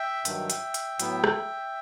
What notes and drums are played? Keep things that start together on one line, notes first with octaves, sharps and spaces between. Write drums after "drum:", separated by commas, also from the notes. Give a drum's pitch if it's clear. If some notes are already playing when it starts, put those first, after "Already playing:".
Already playing: E5 G5
G2 D#3 F#3, drum: hi-hat
drum: hi-hat
drum: hi-hat
A2 F#3 B3, drum: hi-hat
drum: rim click